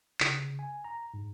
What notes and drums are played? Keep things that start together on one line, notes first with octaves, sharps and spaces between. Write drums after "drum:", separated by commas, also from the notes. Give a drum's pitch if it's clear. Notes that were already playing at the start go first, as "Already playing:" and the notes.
C#3, drum: clap
G#5
A#5
G#2